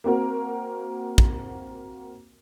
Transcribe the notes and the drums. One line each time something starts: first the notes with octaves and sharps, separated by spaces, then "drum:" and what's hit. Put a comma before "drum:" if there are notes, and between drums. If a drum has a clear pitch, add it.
A#3 C4 F#4 A#4
drum: kick